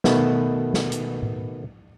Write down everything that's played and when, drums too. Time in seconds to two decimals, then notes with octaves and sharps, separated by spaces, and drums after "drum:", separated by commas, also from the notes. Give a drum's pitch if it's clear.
0.04 B2 D#3 A3 B3, drum: snare
0.74 drum: snare
0.92 drum: hi-hat
1.22 drum: tom A2